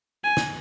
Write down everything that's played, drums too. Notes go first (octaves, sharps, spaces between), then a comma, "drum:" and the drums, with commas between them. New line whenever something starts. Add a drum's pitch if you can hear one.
G#5
drum: snare